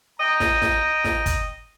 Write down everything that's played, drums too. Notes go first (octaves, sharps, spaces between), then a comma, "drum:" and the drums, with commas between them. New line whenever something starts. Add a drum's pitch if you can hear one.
D#5 G5 A#5
drum: snare
drum: snare
drum: snare
drum: kick, hi-hat